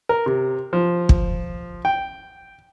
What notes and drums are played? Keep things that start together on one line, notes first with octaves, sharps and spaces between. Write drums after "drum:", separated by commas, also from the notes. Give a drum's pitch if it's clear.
A#4
C3
F3
drum: kick
G5